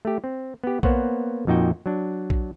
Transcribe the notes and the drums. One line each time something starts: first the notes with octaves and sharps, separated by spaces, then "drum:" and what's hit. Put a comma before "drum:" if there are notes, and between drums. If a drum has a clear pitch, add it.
A3 G4
C4
B3 G4
A#3 B3 C5 C#5 F#5, drum: kick A#1
F2 A#2 D#4 F#4 G5
F#3 D4
drum: kick A#1